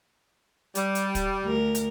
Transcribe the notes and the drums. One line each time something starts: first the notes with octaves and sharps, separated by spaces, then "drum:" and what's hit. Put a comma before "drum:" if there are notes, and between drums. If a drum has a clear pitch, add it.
G3, drum: hi-hat
drum: hi-hat
drum: kick, hi-hat
D2 A#4
drum: hi-hat